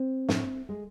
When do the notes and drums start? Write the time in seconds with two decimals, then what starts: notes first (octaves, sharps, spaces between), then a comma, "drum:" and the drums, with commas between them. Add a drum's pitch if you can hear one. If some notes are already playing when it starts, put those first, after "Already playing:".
Already playing: C4
0.29 A2, drum: snare
0.69 G#3